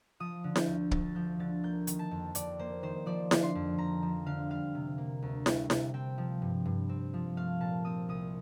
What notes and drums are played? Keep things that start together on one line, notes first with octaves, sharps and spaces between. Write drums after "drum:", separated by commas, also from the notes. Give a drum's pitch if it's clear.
F3 D#6
D3
G6, drum: snare E4
D2
D2 A6, drum: kick
F3 G6
D3 A6
A#3 G6
D#3, drum: hi-hat
A5
F2
F2 D5, drum: hi-hat
A#3 C5
D#3 C5
F3 D5
D3, drum: snare E4
C6
F2
F2 A#5
F3
D3 F5
G3 F5
C3
A#3
D2
G3, drum: snare E4
C3, drum: snare E4
C4 G5
F3
G2
G2
C4
F3
A3 F5
A#2 A5
C4 D#6
C2 D#6